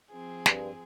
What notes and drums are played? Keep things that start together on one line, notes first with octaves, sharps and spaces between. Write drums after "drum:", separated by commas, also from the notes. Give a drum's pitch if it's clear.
F3 C4 G#4
G2, drum: snare